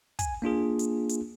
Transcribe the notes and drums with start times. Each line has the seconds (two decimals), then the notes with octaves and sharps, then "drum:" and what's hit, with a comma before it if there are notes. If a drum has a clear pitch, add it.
0.19 G#5, drum: kick, hi-hat
0.42 A#3 D4 F4 G#4
0.79 drum: hi-hat
1.09 drum: hi-hat